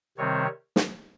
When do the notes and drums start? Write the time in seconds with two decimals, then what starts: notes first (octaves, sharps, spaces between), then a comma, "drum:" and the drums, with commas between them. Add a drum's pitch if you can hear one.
0.18 C3 D#3 G3 C4 C#5
0.76 drum: snare